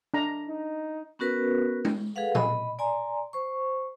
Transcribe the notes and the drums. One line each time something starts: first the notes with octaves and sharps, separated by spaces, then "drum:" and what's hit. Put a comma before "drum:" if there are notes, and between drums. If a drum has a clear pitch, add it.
D4 A#5
D#4
B3 C#4 F#4 A#4 B4
drum: tom G#3
G#4 A4 B4 F5 F#5
D#5 B5, drum: tom A#2
D5 G#5 A#5 C6
C5 C#6